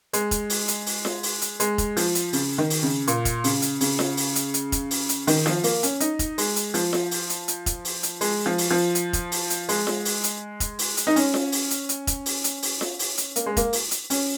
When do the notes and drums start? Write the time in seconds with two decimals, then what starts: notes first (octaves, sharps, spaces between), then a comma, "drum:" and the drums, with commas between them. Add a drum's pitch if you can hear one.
0.13 G#3, drum: hi-hat
0.31 drum: kick F1, hi-hat
0.50 drum: open hi-hat
0.68 drum: hi-hat
0.86 drum: open hi-hat
1.05 drum: snare F4
1.23 drum: open hi-hat
1.41 drum: hi-hat
1.60 G#3, drum: hi-hat
1.78 drum: kick F1, hi-hat
1.97 F3, drum: open hi-hat
2.15 drum: hi-hat
2.33 C#3, drum: open hi-hat
2.58 D#3
2.70 drum: open hi-hat
2.83 C#3
3.07 A#2, drum: hi-hat
3.25 drum: kick F1, hi-hat
3.44 C#3, drum: open hi-hat
3.62 drum: hi-hat
3.81 C#3, drum: open hi-hat
3.99 drum: snare F4
4.17 drum: open hi-hat
4.35 drum: hi-hat
4.54 drum: hi-hat
4.72 drum: kick F1, hi-hat
4.91 drum: open hi-hat
5.09 drum: hi-hat
5.27 D#3, drum: open hi-hat
5.46 F3, drum: snare F4
5.64 A#3, drum: open hi-hat
5.83 C#4, drum: hi-hat
6.00 D#4, drum: hi-hat
6.19 drum: kick F1, hi-hat
6.38 G#3, drum: open hi-hat
6.56 drum: hi-hat
6.74 F3, drum: open hi-hat
6.93 drum: snare F4
7.11 drum: open hi-hat
7.30 drum: hi-hat
7.48 drum: hi-hat
7.66 drum: kick F1, hi-hat
7.85 drum: open hi-hat
8.03 drum: hi-hat
8.21 G#3, drum: open hi-hat
8.46 F3
8.58 drum: open hi-hat
8.71 F3
8.95 drum: hi-hat
9.13 drum: kick F1, hi-hat
9.32 drum: open hi-hat
9.50 drum: hi-hat
9.69 G#3, drum: open hi-hat
9.87 drum: snare F4
10.05 drum: open hi-hat
10.24 drum: hi-hat
10.60 drum: kick F1, hi-hat
10.79 drum: open hi-hat
10.97 drum: hi-hat
11.07 D#4
11.16 C#4, drum: open hi-hat
11.34 drum: snare F4
11.52 drum: open hi-hat
11.71 drum: hi-hat
11.89 drum: hi-hat
12.07 drum: kick F1, hi-hat
12.26 drum: open hi-hat
12.44 drum: hi-hat
12.62 drum: open hi-hat
12.81 drum: snare F4
12.99 drum: open hi-hat
13.18 drum: hi-hat
13.36 A#3, drum: hi-hat
13.46 G#3
13.57 A#3, drum: kick F1, hi-hat
13.73 drum: open hi-hat
13.91 drum: hi-hat
14.10 C#4, drum: open hi-hat